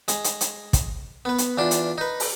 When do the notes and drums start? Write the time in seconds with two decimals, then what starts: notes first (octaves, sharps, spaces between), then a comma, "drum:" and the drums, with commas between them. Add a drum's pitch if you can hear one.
0.08 G#3, drum: hi-hat
0.24 drum: hi-hat
0.41 drum: hi-hat
0.73 drum: kick, hi-hat
1.25 B3 B4
1.38 drum: hi-hat
1.58 E2 D4 F4
1.71 drum: hi-hat
1.98 D#4 B4
2.20 drum: open hi-hat